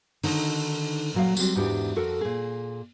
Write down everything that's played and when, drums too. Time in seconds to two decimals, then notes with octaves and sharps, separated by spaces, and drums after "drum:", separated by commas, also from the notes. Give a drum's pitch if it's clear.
0.24 D3 D#3 D#4, drum: open hi-hat
1.14 A#2 F#3 F5
1.37 F#3 G3 C4 F#4, drum: tambourine
1.55 E2 G#2 D4 E4 F#4 G4
1.96 F2 F#4 A4 A#4
2.21 A#2 G#4